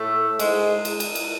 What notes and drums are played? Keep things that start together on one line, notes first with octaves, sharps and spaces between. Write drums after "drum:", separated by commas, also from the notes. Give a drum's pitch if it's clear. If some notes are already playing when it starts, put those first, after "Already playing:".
Already playing: A2 A3
G#2 G#3, drum: cymbal
drum: cymbal
drum: cymbal
drum: cymbal